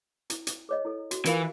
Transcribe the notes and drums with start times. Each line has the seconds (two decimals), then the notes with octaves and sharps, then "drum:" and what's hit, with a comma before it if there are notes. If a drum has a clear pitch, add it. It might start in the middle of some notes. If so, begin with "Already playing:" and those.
0.30 E4, drum: hi-hat
0.47 drum: hi-hat
0.69 G#4 C#5 D#5
0.85 E4 A4
1.11 F#4, drum: hi-hat
1.25 E3 F4 A#4 F5, drum: hi-hat